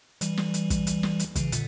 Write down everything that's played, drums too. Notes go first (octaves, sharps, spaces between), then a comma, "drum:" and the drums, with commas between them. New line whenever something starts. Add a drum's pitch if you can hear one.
E3 G3, drum: hi-hat
drum: snare
drum: hi-hat
drum: kick, hi-hat
drum: hi-hat
drum: snare
drum: hi-hat
C#3 E3, drum: kick, hi-hat
A#2 D3, drum: hi-hat